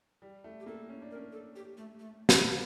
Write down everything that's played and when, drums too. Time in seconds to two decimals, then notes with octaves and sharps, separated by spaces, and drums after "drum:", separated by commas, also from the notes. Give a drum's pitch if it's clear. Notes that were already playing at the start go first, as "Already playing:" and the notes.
0.22 G3
0.44 A3
0.60 G4
0.66 A#3 A4
0.89 C#4
1.02 D4
1.11 A#4
1.15 C#4
1.32 A4
1.56 G4
1.77 A3
1.99 A3
2.29 G4, drum: snare